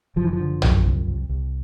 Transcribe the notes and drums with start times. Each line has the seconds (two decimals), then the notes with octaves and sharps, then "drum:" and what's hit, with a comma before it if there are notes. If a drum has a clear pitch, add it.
0.16 F#1 F3
0.25 E3
0.33 F3
0.39 D3
0.62 F#2, drum: tom A#1
0.84 C2
1.07 C2
1.29 C2